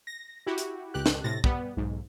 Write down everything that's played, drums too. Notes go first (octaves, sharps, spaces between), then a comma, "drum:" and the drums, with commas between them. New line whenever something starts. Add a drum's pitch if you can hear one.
A#6
E4 F#4 G4
drum: hi-hat
C#2 G4 F#6
drum: snare
A2 C3 A6 A#6
G3 B3, drum: kick
B1 G#2